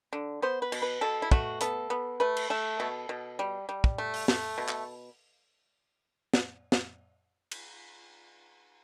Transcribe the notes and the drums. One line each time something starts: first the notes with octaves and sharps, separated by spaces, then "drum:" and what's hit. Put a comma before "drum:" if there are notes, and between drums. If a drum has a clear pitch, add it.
D3
B3 C5
B4
B2, drum: cymbal
B4
B2 A4
E4
A3 F#4, drum: kick
B3 A4, drum: hi-hat
B3
A3 B4
drum: cymbal
A3 A4
B2 A4
B2
G3
G3
drum: kick
A3
drum: open hi-hat
A3, drum: snare
B2
drum: clap
drum: snare
drum: snare
drum: cymbal